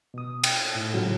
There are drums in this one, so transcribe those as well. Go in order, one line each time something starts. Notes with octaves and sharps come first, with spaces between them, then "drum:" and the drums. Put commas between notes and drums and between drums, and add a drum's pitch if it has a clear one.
B2 D#6
G5, drum: cymbal
A2
G#2 C#3 F#3